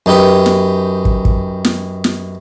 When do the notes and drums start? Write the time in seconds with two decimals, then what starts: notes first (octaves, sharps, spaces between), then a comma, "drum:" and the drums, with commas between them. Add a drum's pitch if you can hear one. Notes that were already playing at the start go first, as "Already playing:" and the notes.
0.06 F#2 D#4 G4 B4
0.46 drum: snare
1.05 drum: kick
1.25 drum: kick
1.65 drum: snare
2.04 drum: snare